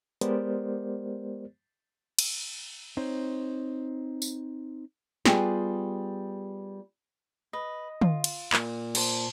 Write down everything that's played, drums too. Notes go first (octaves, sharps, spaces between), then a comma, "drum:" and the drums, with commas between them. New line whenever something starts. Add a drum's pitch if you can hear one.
G#3 B3 G4 A#4 C5 D5, drum: hi-hat
drum: cymbal
C4 D#4 C5 C#5
drum: tambourine
G3 B3 F4 G4 G#4, drum: snare
B4 D#5
F4, drum: tom
drum: cymbal
A#2, drum: clap
C5 A5, drum: cymbal